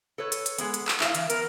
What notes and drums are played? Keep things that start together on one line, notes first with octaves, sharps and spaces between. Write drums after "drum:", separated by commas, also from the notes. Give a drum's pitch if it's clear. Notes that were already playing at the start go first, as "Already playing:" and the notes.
A4 B4 C#5
drum: hi-hat
drum: hi-hat
G#3 B3, drum: hi-hat
drum: hi-hat
drum: clap
E4 E5 F5, drum: clap
E3, drum: hi-hat
B3 A#4, drum: hi-hat